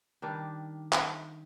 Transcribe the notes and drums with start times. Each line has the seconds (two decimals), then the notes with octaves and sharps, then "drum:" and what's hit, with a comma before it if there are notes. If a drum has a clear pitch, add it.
0.22 D#3 G3 D4
0.92 drum: clap